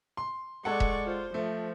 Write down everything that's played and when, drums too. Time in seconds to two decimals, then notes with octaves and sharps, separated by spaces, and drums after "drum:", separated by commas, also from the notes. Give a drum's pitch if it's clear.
0.17 C6
0.65 G#3 A4 D5 F#5 C#6
0.80 drum: kick E1
1.05 F4 C5
1.34 F3 A3